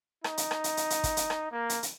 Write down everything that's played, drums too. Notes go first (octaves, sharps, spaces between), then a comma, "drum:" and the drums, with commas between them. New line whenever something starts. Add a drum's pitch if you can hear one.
D#4, drum: rim click
drum: hi-hat
drum: rim click
drum: hi-hat
drum: hi-hat
drum: hi-hat
drum: kick, hi-hat
drum: hi-hat
drum: rim click
A#3
drum: hi-hat
drum: hi-hat